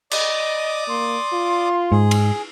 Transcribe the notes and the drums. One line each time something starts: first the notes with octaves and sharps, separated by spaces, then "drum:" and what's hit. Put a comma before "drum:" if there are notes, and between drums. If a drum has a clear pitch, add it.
D5 D#5 D6 D#6, drum: cymbal
A#3 C6
F4
G#2 G#4
drum: cymbal